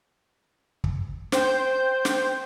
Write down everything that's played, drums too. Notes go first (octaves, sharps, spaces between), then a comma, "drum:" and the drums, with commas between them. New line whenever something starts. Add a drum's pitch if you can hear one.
drum: kick
C5 G5 G6, drum: snare
drum: snare